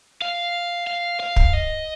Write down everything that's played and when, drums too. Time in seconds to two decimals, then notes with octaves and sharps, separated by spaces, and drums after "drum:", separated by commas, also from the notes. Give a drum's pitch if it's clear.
0.22 F5
0.87 F5
1.20 F5
1.36 drum: kick
1.53 D#5